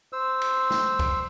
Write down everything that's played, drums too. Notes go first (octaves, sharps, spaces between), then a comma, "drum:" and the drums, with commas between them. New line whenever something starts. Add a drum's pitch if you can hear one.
C5 E6
drum: cymbal
drum: snare
drum: kick C#2, cymbal